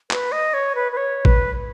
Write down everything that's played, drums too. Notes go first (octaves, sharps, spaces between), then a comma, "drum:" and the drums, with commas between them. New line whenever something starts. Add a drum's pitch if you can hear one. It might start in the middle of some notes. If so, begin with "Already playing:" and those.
B4, drum: clap
D#5
C#5
B4
B4
C#5
B4, drum: kick A1